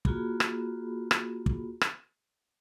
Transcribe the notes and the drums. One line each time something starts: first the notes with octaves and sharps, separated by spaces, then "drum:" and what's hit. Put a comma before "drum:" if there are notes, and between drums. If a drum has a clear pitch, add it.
A#3 F4 F#4 G#4 B5, drum: kick
drum: rim click
drum: rim click
drum: kick
drum: rim click